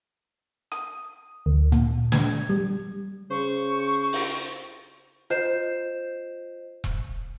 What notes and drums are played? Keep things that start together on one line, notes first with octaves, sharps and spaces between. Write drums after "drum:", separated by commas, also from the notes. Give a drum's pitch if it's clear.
D#6, drum: hi-hat
D2
A#2, drum: hi-hat
G#6, drum: snare
G3
C#3 C5 C#6
drum: open hi-hat
F4 C5 D#5 G6 C7 E7, drum: hi-hat
drum: kick E1